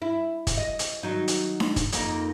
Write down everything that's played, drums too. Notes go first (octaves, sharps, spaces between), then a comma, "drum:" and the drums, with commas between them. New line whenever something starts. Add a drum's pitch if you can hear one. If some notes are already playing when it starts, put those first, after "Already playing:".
E4
drum: kick, hi-hat
D#5
drum: hi-hat
D#3 F#3 D#4
drum: hi-hat
drum: snare D4
drum: kick, hi-hat
F2 A#3 D#4, drum: hi-hat